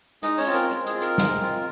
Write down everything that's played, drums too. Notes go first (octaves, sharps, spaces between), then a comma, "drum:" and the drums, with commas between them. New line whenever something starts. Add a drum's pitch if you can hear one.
G#3 D#4 D#5, drum: hi-hat
C#4 C#5, drum: open hi-hat
C4 F4
A#4, drum: hi-hat
G#3, drum: hi-hat
G#4, drum: hi-hat
C4 F4
A#4, drum: hi-hat
G#3, drum: snare
C4 F4